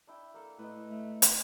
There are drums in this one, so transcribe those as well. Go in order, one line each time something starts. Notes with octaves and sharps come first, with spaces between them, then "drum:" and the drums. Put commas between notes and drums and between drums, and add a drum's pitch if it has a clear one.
D4 E4 G5
A#3 A4
A2 B4 D#5
A3
drum: hi-hat